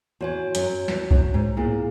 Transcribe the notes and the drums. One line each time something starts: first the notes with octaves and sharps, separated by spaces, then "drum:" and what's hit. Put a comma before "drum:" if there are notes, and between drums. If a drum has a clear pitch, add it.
E2 F#4 C#5 G#5
F#2, drum: hi-hat
E2, drum: snare
F#2, drum: kick C2
G#2
A#2 B3 E4 G#4